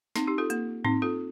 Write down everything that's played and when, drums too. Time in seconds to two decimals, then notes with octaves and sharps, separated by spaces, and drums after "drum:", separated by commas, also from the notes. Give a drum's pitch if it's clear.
0.16 C4 D#4, drum: snare
0.27 D#4 G4
0.38 F4 A4
0.50 A#3, drum: hi-hat
0.85 C4 D#4, drum: tom G#2
1.02 F4 A4